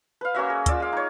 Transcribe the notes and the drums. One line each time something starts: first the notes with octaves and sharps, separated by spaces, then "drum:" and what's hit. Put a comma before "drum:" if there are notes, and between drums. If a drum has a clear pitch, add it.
B4 F5
A#3 C#4 F#4 E5
G#4
F4 D5 E6, drum: kick, hi-hat
G#3 F5
D#4 C#5